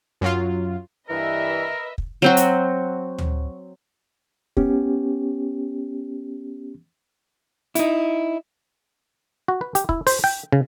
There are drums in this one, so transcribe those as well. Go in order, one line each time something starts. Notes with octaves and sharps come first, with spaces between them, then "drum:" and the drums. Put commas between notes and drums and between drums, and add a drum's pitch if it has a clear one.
F#2 F#3 F4
G2 E3 A#4 B4 D#5 E5
drum: kick
F#3 C4 F#4
drum: hi-hat
drum: tom D2
B3 C#4 G4, drum: kick
D#4 E4, drum: hi-hat
F#4
B4
G4, drum: hi-hat
E4, drum: kick
C5, drum: open hi-hat
G5
C#3